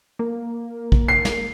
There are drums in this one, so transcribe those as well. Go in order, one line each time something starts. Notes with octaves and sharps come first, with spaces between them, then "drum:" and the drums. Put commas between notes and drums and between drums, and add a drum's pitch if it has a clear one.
A#3
drum: kick
C7
drum: snare